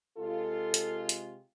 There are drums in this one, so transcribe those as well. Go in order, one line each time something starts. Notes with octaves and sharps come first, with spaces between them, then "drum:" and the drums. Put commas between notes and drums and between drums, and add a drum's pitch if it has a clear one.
C3 G#3 F4 A4
drum: hi-hat
drum: hi-hat